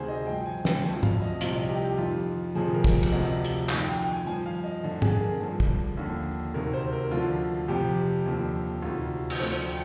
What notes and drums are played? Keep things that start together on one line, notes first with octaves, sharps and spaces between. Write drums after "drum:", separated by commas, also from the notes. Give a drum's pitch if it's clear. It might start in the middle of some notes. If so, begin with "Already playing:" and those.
Already playing: D2 C3 D#3 G#4 C5
D#5
G2 F3 G5
G#5
G5, drum: snare
D2 D3 F3 G#5
F5, drum: tom
D#5
C2 C3 F3 F5, drum: hi-hat
D#5
G4
G4
F2 D#3 F4
F2 C3 F3 G#4
A#4
drum: kick
drum: cymbal
D2 C3 F3 D#5
drum: hi-hat
F2 D#3 F5, drum: clap
G5
G5
G#5
G2 F3 G#5
F5
D#5
F2 D3 F3
G#4, drum: tom
A#4
G2 D3 F3
drum: kick
D#2 D3 F3
D2 C3 D#3 A#4
C5
A#4
D2 D3 F3 F4
F2 C3 F3 G4
D#2 D3 F3
D2 C3 D#3 F4
drum: cymbal
D2 D3 F3 C5
G5